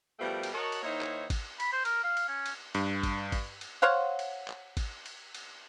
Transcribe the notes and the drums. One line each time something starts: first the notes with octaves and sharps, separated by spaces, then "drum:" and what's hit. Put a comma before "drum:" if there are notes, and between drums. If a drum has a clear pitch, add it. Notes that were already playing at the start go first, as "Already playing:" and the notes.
B2 F3 G3 A3 A#4 G5
drum: cymbal
F#4 A#4 C#5 D#5 F#5 A5
drum: cymbal
D#3 A#3 D#4 E4 C5 C#5
drum: clap
drum: kick G#1, cymbal
B5, drum: cymbal
C5
A#4, drum: cymbal
F5
drum: cymbal
C#4
drum: cymbal
G2, drum: cymbal
drum: kick G#1, cymbal
drum: kick G#1, cymbal
drum: cymbal
C5 C#5 F5 F#5
drum: cymbal
drum: clap
drum: kick G#1, cymbal
drum: cymbal
drum: cymbal